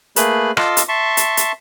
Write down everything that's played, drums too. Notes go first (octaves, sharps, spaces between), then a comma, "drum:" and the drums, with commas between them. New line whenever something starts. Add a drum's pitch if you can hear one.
A3 A#3 G#4 B4 B5, drum: hi-hat
F4 A4 D#5 C6 D6 E6, drum: rim click
drum: hi-hat
E5 A5 C6 C#6
drum: hi-hat
drum: hi-hat